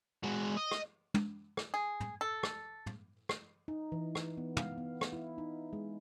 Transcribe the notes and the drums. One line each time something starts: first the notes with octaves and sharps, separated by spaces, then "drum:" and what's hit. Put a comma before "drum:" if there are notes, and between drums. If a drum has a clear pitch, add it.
G#3 F#4
D#5
drum: rim click
drum: tom
drum: rim click
G#4
drum: tom
A4
drum: rim click
drum: tom
drum: rim click
D#4
E3
drum: rim click
B3
F5, drum: tom
B3
drum: rim click
E4
D#4
G#3